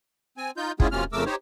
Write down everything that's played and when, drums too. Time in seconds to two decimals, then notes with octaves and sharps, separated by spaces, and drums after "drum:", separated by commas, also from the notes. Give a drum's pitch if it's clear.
0.37 C4 G#5
0.57 D#4 F4 G6
0.80 G#3 B3 C#4 E4 F4 G#4, drum: kick
0.92 F#2 C3 A#3 C#4 F4 F6
1.13 F2 C#3 A3 A#4 D6 E6
1.26 D#4 G4 C5 C#5